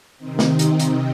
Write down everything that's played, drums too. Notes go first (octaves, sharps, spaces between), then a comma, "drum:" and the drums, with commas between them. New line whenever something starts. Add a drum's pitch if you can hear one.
C3 D#3 C4 D#4
drum: snare
drum: hi-hat
drum: hi-hat